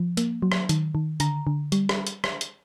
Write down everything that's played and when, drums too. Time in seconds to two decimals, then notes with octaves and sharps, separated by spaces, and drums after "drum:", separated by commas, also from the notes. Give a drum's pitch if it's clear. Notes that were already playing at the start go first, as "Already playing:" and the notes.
Already playing: F3
0.17 A#3, drum: hi-hat
0.42 F#3
0.52 drum: rim click
0.69 D#3, drum: hi-hat
0.95 D#3
1.20 D3 A#5, drum: hi-hat
1.47 D3
1.72 G3, drum: hi-hat
1.89 drum: rim click
2.07 drum: hi-hat
2.24 drum: rim click
2.41 drum: hi-hat